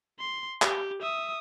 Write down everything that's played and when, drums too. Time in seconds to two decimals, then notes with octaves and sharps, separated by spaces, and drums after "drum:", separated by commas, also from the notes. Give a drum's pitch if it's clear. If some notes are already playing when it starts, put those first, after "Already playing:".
0.19 C6
0.62 G4, drum: clap
1.02 E5 D#6